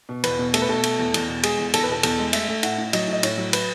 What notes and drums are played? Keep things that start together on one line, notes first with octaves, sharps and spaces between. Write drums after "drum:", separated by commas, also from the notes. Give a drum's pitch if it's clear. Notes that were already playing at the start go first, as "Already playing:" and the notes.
B2
E2 B4, drum: cymbal
B2
A3 A4, drum: cymbal
B4
B2 A4
A3, drum: cymbal
E2
E2, drum: cymbal
B2
G#3 G#4, drum: cymbal
E2
E2 A4, drum: cymbal
B4
B2 A4
E2 A4, drum: cymbal
G#3
A3 E5, drum: cymbal
A3
A2 F#5, drum: cymbal
A2
F#3 D#5, drum: cymbal
A2
D#5
A2 C#5, drum: cymbal
F#3
B4, drum: cymbal